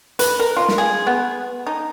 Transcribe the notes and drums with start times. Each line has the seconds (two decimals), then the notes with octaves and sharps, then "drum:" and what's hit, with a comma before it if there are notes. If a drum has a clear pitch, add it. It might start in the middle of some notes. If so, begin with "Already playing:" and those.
0.19 B4, drum: hi-hat
0.39 A#4
0.57 F4
0.68 drum: snare
0.78 G#4
1.07 B3
1.67 D#4